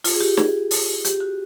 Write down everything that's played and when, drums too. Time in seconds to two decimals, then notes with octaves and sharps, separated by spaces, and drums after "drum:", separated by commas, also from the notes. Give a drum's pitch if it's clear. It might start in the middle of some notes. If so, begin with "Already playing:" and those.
0.04 F4, drum: open hi-hat
0.14 G#4
0.20 G4
0.37 G#4, drum: snare
0.71 drum: open hi-hat
1.04 G4, drum: hi-hat
1.20 F#4